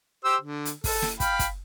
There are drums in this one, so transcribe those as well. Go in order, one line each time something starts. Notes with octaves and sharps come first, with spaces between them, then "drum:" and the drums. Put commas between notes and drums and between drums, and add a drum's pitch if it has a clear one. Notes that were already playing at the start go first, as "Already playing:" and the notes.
G4 C5 E6
D3
drum: hi-hat
A4, drum: kick, open hi-hat
drum: snare
F5 G5 B5, drum: kick, hi-hat
drum: kick, hi-hat